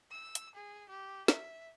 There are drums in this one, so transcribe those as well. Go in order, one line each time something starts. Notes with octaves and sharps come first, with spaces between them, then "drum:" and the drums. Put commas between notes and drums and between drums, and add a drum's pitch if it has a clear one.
E6
drum: hi-hat
G#4
G4
E5, drum: snare